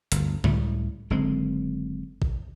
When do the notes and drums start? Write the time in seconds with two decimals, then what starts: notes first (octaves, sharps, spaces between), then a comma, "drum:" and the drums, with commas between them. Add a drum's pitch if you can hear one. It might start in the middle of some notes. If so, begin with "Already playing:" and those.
0.12 G1 D2, drum: hi-hat
0.44 C#2 A2 G3 A3, drum: tom C#3
1.10 F#1 D3 G#3 C4
2.22 drum: kick A1